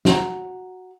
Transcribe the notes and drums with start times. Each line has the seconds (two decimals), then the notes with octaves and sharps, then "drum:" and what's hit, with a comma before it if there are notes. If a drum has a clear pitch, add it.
0.05 F#4 A#5, drum: snare